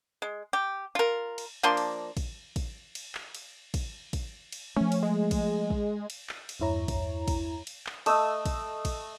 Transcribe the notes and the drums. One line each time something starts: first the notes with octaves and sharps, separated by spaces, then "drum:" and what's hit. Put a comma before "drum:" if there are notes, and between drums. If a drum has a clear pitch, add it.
G#3
G4
F4 A#4
drum: cymbal
F3 A#3 D4 C6
drum: cymbal
drum: kick, cymbal
drum: kick, cymbal
drum: cymbal
drum: clap
drum: cymbal
drum: kick, cymbal
drum: kick, cymbal
drum: cymbal
F3 A3 C#4
drum: cymbal
G#3
drum: kick, cymbal
drum: kick
drum: cymbal
drum: clap
drum: cymbal
E2 G2 E4 C#5 A#5
drum: kick, cymbal
drum: kick, cymbal
drum: cymbal
drum: clap
A3 D#5 E6, drum: cymbal
drum: kick, cymbal
drum: kick, cymbal